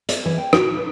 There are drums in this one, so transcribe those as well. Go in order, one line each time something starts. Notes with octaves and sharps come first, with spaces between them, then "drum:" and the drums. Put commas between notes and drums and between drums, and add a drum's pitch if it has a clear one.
D5, drum: hi-hat
E3
G5
F#4, drum: rim click
B4